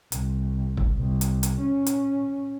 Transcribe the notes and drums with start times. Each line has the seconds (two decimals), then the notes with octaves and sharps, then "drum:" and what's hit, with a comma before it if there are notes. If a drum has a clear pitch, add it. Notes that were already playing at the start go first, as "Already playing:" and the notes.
0.12 C2, drum: hi-hat
0.77 drum: kick
0.97 C2
1.21 drum: hi-hat
1.43 drum: hi-hat
1.60 C#4
1.86 drum: hi-hat